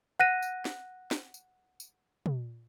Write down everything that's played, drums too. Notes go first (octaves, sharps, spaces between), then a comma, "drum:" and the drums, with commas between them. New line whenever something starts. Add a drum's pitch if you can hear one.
F#5 F#6 A#6 D#7
drum: tambourine
drum: snare
drum: snare
drum: tambourine
drum: tambourine
drum: tom